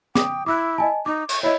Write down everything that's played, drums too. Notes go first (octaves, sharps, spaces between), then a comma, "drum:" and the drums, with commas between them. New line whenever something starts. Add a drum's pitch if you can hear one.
G5 D6 D#6, drum: snare
E4 D6 E6 F#6
D#5 G#5 A5
D#4 D6
C#6, drum: cymbal
E4 C#5 D#5